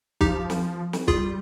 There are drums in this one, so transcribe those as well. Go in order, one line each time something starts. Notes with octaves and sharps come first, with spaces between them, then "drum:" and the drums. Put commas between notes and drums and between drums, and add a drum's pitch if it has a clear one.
F3 D#4 G4, drum: kick
drum: snare
drum: snare
G3 F4 G#4, drum: kick